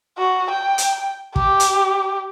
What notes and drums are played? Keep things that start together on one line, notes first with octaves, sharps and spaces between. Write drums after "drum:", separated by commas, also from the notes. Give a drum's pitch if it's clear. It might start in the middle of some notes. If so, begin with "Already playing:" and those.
F#4
G5
drum: hi-hat
G4, drum: kick
drum: hi-hat